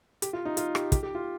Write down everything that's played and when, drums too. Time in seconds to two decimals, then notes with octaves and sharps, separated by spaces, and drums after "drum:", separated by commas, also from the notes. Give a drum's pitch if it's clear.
0.22 G4, drum: hi-hat
0.33 F4
0.45 D#4
0.57 F4, drum: hi-hat
0.75 G4, drum: rim click
0.92 G4, drum: kick, hi-hat
1.03 G4
1.15 F4